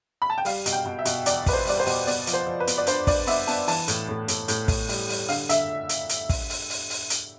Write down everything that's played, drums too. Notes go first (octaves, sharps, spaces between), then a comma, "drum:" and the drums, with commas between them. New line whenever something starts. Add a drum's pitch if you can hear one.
B5
A5
G5
G3 F5, drum: open hi-hat
B2, drum: hi-hat
G5
B2
E5
B2, drum: hi-hat
E2 D5, drum: hi-hat
B2 B4, drum: kick, open hi-hat
C5
G3 D5, drum: open hi-hat
C5
B2, drum: open hi-hat
B3 D5, drum: open hi-hat
F3, drum: hi-hat
C5
F3
B4
B3, drum: hi-hat
D5
D4 C5, drum: hi-hat
D4 D5, drum: kick, open hi-hat
B3 E5, drum: open hi-hat
B3 A5, drum: open hi-hat
E3 A5, drum: open hi-hat
A2, drum: hi-hat
A2
A2, drum: hi-hat
A2, drum: hi-hat
A2, drum: kick, open hi-hat
G3, drum: open hi-hat
G3, drum: open hi-hat
D3 F5, drum: open hi-hat
D3 E5, drum: hi-hat
drum: hi-hat
drum: hi-hat
drum: kick, open hi-hat
drum: open hi-hat
drum: open hi-hat
drum: open hi-hat
drum: hi-hat